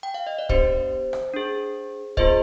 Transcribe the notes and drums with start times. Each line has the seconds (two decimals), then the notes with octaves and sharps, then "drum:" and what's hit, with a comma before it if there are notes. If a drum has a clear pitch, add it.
0.03 G5
0.14 F5
0.27 D#5
0.38 D5
0.49 B3 D4 G4 C5, drum: kick
1.13 drum: rim click
1.34 D4 G#4
2.17 B3 F4 G#4 C5 D#5, drum: kick